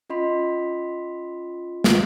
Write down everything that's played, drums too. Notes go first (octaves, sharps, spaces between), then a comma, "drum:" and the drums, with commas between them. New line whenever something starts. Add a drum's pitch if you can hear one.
C#4 F4 D#5 B5 C6 B6
drum: snare